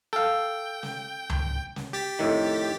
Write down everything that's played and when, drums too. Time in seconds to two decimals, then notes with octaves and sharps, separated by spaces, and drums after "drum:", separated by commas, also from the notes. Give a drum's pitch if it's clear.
0.13 A4 F5 G5
0.83 drum: snare
1.30 drum: tom C#2
1.76 drum: snare
1.93 G4 A6 B6
2.19 F2 A2 D#3